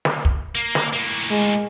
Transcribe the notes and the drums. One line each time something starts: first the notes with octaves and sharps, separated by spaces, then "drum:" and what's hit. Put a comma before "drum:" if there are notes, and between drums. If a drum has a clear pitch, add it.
drum: snare
drum: kick
A#3
drum: snare
A2 A#3
G#3